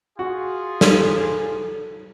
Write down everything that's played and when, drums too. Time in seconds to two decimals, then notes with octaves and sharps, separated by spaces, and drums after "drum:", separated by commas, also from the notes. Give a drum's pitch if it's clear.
0.19 F4 F#4 G#4
0.81 A4, drum: snare